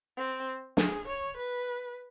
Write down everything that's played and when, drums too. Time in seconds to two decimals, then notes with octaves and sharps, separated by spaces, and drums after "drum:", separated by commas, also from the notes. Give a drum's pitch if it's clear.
0.17 C4
0.77 G#4, drum: snare
1.07 C#5
1.37 B4